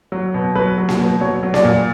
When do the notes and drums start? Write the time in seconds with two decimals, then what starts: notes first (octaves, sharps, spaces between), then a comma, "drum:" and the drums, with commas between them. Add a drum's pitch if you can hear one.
0.12 F#3
0.34 B2
0.55 F#3 B4
0.78 F#3
0.89 drum: snare A#3
1.00 B2
1.21 F#3 C#5
1.43 F#3
1.54 D5, drum: snare A#3
1.65 A#2